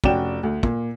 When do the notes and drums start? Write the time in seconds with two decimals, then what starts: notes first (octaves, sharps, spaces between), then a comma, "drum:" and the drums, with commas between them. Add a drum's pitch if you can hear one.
0.04 F1 C#4 F#4 D5 G5 E7, drum: kick
0.43 D2
0.63 A#2, drum: kick